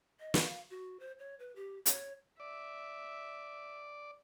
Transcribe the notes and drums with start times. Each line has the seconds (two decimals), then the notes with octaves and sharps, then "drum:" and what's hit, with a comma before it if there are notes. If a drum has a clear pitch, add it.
0.20 D#5
0.34 drum: snare
0.44 F5
0.70 F#4
1.00 C5
1.19 C#5
1.39 B4
1.56 G4
1.86 C#5, drum: hi-hat
2.40 D5 E5